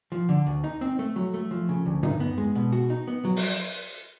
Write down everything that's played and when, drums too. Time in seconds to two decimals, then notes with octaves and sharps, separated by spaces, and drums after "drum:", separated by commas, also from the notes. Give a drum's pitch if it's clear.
0.12 F3
0.29 D3
0.47 D2
0.64 D#4
0.81 C4
0.99 A3
1.16 F#3
1.34 A3
1.51 F3
1.69 C#3
1.86 D2
2.03 D#4, drum: tom G2
2.20 B3
2.38 G#3
2.55 B2
2.72 F#4
2.90 D#4
3.08 B3
3.25 F#3
3.36 drum: open hi-hat